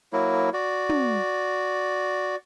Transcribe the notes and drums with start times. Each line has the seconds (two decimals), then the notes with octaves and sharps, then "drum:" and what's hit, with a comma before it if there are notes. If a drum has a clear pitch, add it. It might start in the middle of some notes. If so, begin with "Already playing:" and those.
0.13 F#3 A#3 E4
0.53 F#4 D5
0.89 drum: tom